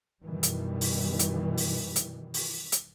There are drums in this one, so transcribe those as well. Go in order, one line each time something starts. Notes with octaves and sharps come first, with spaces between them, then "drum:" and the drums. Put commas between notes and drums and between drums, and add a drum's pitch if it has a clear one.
F#2 B2 D#3 E3 G3
drum: hi-hat
drum: open hi-hat
drum: hi-hat
drum: open hi-hat
drum: hi-hat
drum: open hi-hat
drum: hi-hat